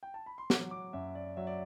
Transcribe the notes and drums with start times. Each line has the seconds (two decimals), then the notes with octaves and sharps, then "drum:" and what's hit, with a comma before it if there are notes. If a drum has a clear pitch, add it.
0.03 G5
0.14 A5
0.26 B5
0.38 C6
0.50 F#3 D6, drum: snare
0.71 D6
0.93 F#2 E5
1.15 D5
1.37 F#3 E5
1.47 D5